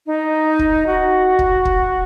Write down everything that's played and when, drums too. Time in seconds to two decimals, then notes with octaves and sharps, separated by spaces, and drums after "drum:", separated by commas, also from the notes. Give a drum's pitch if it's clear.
0.06 D#4
0.59 drum: kick
0.86 F#4
1.39 drum: kick
1.65 drum: kick